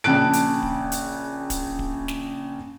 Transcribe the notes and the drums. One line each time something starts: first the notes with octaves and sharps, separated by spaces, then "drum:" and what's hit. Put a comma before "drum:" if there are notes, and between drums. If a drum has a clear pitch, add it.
A#1 C#3 A5 F#6 D7
drum: hi-hat
drum: kick
drum: hi-hat
drum: kick, hi-hat
drum: kick
drum: snare